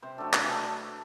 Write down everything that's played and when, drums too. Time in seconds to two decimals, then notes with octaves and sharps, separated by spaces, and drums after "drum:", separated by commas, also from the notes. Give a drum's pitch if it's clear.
0.02 C3 C5
0.18 F#3 A3 D4 A4
0.33 C3 B4, drum: clap
0.50 F#3 A3 D4 A4